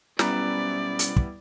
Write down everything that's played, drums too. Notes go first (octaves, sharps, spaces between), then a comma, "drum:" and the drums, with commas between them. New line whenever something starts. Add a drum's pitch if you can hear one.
B1 G3 B3 C#4 E4 D5 A#5, drum: snare
drum: hi-hat
drum: kick